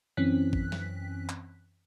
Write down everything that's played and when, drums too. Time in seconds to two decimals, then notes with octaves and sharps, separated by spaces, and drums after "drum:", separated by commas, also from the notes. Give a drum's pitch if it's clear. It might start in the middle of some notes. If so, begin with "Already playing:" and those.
0.17 F#2 E3 C4 C#4 F#6 B6
0.53 drum: kick A1
0.72 drum: snare
1.29 drum: clap